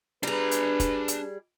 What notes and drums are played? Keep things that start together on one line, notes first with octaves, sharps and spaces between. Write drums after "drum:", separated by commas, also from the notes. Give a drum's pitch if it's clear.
G3 D4 G#4 B4 A#5
drum: hi-hat
drum: kick, hi-hat
drum: hi-hat